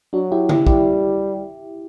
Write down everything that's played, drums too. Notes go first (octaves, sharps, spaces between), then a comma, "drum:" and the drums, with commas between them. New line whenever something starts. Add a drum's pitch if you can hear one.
F#3 D4 F#4
E4 G4
E4 G4, drum: tom C#3
G3 E4 G4, drum: kick